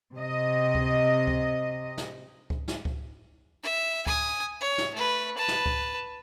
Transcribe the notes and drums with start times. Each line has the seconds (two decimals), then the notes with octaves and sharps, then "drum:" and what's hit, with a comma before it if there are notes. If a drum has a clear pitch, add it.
0.15 C3 D#5
0.75 drum: kick C#2
1.27 drum: kick C#2
1.98 drum: snare
2.50 drum: kick C#2
2.68 drum: snare
2.85 drum: kick C#2
3.63 E5
4.07 G#5 D#6, drum: kick C#2
4.61 C#5
4.78 drum: snare
4.95 A3 B4
5.38 B4 A5
5.48 drum: snare
5.66 drum: kick C#2